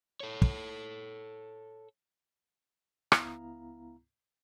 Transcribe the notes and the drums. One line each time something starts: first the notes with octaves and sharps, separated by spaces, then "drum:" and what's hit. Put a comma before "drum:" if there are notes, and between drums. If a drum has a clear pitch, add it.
A4 C#5
drum: kick
C#2 B3 E4 F5 A#5, drum: rim click